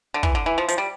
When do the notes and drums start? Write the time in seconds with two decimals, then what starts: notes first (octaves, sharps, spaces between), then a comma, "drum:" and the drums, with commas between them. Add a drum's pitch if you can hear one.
0.14 D3
0.23 E3, drum: kick
0.35 D3
0.46 E3
0.58 F3
0.68 F3, drum: hi-hat
0.78 G3